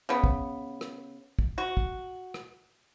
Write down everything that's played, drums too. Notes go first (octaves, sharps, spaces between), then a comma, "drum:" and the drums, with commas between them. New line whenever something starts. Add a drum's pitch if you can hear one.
C#3 B3
drum: kick
drum: rim click
drum: kick
F#4
drum: kick
drum: rim click